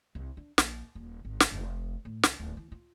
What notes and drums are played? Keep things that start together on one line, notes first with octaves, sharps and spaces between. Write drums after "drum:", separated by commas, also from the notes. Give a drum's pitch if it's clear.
C2
D4
A#1, drum: snare
D#1
G#1
drum: snare
F1
A2
C2, drum: snare
D1
E3
F4